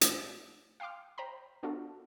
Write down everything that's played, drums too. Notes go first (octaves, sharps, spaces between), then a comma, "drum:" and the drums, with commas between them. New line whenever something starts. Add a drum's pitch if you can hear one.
A3, drum: hi-hat
F5 G5 C6 D6 F6
C5 G5 A#5 B5
B3 D4 F4 F#4 A4